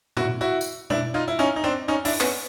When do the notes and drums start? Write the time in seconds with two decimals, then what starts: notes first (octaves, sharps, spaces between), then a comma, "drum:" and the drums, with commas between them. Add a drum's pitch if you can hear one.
0.17 E4 F#4, drum: tom A2
0.41 E4 F#4
0.61 drum: tambourine
0.90 D4 E4, drum: tom B2
1.14 D#4 F4
1.28 E4
1.39 C#4 D#4
1.56 D#4
1.64 C4 D4
1.88 C#4 D#4
2.05 D4 E4, drum: open hi-hat
2.20 B3 C#4, drum: clap